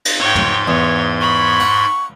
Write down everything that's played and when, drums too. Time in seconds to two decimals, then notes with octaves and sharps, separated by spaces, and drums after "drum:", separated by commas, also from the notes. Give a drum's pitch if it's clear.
0.05 drum: cymbal
0.19 G#2 C#5 G5 C6 G#6
0.35 drum: tom
0.67 E2 C#5
1.21 B5 C#6
1.60 F#5